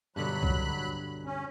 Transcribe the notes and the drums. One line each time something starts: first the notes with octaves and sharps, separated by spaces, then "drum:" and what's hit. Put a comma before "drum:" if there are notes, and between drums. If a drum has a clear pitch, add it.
G2 B2 D3 F#3 B5 F#6
drum: kick B1
C#4